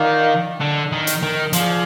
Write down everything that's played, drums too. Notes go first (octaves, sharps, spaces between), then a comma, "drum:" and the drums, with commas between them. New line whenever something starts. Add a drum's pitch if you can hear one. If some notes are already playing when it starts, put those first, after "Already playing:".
Already playing: D#3 F4 A#4 D5 F5
D3
D#3
drum: hi-hat
D#3
F3 F4 G#4 D5 F5, drum: hi-hat